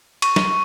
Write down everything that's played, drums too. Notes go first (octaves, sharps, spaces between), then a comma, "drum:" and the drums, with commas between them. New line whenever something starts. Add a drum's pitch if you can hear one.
C#6, drum: cymbal
drum: snare